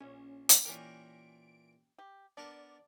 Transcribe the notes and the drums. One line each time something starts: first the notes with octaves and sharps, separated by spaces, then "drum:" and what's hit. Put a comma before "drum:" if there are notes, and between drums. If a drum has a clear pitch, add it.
A#1 C#4
drum: hi-hat
A#2 E3 C#4 G4 A#4 D7
G4
B3 D4 A#4 D5 A5